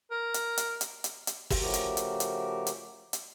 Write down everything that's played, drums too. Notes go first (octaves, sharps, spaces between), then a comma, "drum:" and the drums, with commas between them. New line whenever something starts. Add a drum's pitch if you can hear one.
A#4
drum: hi-hat
drum: hi-hat
drum: hi-hat
drum: hi-hat
drum: hi-hat
drum: kick, open hi-hat
C#3 F3 A3 F#4 G4 A#4
drum: hi-hat
drum: hi-hat
drum: hi-hat
drum: hi-hat
drum: hi-hat